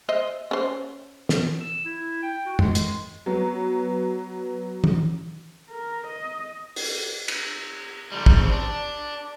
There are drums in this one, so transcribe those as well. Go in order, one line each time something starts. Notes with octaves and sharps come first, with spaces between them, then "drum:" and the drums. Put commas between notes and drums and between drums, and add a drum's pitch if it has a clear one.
C5 D#5 E5
C#4 C5
drum: snare
E6
E4
G5
F#4
G#3, drum: tom
drum: hi-hat
F#3 B3
drum: tom
A#4
D#5
drum: open hi-hat
drum: cymbal
D3 G3
drum: kick
C#3 C4
D4